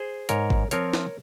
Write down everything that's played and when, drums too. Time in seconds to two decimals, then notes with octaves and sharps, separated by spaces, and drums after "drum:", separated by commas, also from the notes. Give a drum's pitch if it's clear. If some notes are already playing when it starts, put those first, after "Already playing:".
Already playing: G#4 C5
0.29 G#2 A#4 C#5, drum: hi-hat
0.50 drum: kick G#1
0.71 F3 C4 F4 A#4 C#5, drum: hi-hat
0.93 drum: snare